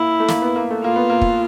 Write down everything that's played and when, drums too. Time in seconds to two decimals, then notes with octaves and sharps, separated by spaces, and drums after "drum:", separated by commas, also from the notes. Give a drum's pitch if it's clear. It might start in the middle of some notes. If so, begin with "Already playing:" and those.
Already playing: A#3 E4
0.20 A3
0.28 A#3, drum: snare
0.42 B3
0.56 A#3
0.71 A3
0.84 A#3 F4
0.96 B3
1.10 A#3
1.21 drum: kick